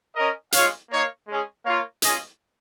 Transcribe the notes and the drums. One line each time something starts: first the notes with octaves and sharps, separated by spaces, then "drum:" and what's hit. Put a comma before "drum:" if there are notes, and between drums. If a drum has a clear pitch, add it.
C#4 A#4 D#5
G#3 F4 C#5 F5, drum: hi-hat
A#3 D#4 C#5 F5
G#3 C#4 G#4
A#3 F4 C#5 F5
C#4 F4 G#4 D#5, drum: hi-hat